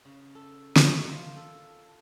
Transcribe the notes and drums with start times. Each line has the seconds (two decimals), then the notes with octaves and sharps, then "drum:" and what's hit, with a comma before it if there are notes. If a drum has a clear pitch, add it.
0.05 C#3
0.35 A4
0.76 D#3, drum: snare
1.09 F4
1.36 A4